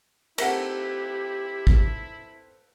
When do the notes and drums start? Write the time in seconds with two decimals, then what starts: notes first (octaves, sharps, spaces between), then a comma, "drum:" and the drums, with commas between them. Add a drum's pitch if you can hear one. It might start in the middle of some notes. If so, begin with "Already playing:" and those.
0.38 C4 E4 G4 A4 A#4 E5 F#5, drum: cymbal
1.67 drum: kick